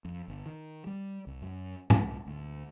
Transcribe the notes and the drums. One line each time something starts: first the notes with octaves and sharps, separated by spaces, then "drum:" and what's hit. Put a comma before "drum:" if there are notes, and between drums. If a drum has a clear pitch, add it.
F2
G1
D#3
G3
C2
F#2
C2, drum: tom
D2